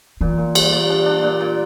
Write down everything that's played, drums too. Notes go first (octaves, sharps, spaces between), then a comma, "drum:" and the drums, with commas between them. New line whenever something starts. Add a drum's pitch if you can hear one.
A#2 E3
A#2
G3, drum: cymbal
A#2
D4
D4
A#2
A#2